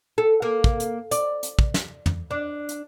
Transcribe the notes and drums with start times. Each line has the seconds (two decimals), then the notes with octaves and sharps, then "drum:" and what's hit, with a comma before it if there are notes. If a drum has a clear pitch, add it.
0.18 A4
0.42 A#3
0.64 drum: kick
0.80 drum: hi-hat
1.11 D5, drum: hi-hat
1.43 drum: hi-hat
1.59 drum: kick
1.74 drum: snare
2.06 drum: tom
2.31 D4
2.69 drum: hi-hat